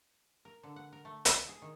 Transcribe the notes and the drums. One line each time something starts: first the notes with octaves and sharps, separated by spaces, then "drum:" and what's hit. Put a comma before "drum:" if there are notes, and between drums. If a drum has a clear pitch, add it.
A#4
D3
F#5
A#4
A3
E4, drum: hi-hat
G#4
D#3